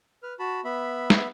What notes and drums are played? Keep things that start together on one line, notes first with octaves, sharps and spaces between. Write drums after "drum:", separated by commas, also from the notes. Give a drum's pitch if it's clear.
B4 F6
F#4 A5 B5
B3 E5 B5
drum: snare